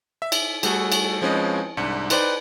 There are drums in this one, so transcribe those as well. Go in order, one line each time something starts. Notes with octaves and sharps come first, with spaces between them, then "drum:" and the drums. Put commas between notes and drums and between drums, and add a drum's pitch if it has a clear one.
E5
drum: cymbal
G3 A3 F#4 G#4 A4, drum: cymbal
drum: cymbal
F3 G#3 C4 C#4 B4 D#5
C2 G#2 D4 C#7
D#4 B4 C5 D5 G5, drum: cymbal